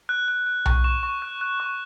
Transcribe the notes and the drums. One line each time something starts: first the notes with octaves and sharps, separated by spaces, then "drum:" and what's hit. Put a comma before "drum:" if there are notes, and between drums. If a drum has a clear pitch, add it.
F#6
F#6
F#6
C#6, drum: tom B1
C#6 E7
C#6
F#6
F#6
C#6